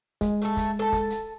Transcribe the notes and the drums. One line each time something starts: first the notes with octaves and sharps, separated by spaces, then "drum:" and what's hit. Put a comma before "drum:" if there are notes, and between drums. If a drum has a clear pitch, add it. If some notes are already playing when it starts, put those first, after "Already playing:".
G#3, drum: kick, hi-hat
A3 A4, drum: hi-hat
drum: kick, hi-hat
A4 A5
drum: kick, hi-hat
drum: hi-hat